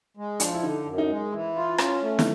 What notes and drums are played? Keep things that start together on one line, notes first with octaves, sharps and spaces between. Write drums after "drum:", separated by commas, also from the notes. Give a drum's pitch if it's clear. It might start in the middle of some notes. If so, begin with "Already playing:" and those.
G#3
F3 D4, drum: hi-hat
E4
D3 D#4
F#2
D#4
G#3
E3 E4
E4 F4
C#4 E4, drum: rim click
A3
D#4, drum: snare